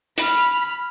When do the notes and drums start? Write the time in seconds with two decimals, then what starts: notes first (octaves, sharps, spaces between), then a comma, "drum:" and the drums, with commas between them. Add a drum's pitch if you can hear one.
0.18 B5 F6, drum: hi-hat